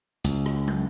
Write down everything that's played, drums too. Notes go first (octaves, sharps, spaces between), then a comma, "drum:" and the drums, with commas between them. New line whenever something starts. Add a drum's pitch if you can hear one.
C#2, drum: hi-hat
drum: rim click
drum: tom